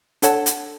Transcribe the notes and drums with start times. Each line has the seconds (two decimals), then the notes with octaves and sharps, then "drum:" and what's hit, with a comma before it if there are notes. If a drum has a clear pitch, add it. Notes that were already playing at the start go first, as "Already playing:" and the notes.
0.22 D4 A4 C#5 F#5 A5, drum: hi-hat
0.46 drum: hi-hat